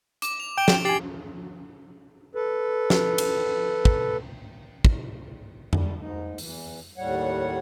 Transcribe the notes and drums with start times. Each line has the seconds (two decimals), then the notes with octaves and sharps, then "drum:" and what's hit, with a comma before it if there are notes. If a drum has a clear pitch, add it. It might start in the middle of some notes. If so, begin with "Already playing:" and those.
0.22 D6, drum: hi-hat
0.40 F7
0.58 G5 D7 G7
0.68 drum: snare
0.85 G4 G#5 A6 C7 F#7
2.35 A4 B4
2.90 drum: snare
3.18 drum: cymbal
3.85 drum: kick
4.85 drum: kick
5.73 G3, drum: tom F2
6.00 G#2 D#4
6.38 E2 E3, drum: open hi-hat
6.98 D#2 A2 G3 C#5 F#5